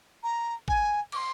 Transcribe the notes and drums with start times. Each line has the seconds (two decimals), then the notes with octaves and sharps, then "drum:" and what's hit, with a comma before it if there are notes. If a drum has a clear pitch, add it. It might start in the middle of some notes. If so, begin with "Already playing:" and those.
0.23 A#5
0.68 G#5, drum: kick G#1
1.12 D6, drum: cymbal
1.16 C6